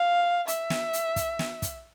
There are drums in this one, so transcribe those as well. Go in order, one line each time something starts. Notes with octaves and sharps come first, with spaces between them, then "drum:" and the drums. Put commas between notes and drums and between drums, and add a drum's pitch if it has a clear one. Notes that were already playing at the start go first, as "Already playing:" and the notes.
Already playing: F5
E5, drum: hi-hat
drum: snare
drum: hi-hat
drum: kick, hi-hat
drum: snare
drum: kick, hi-hat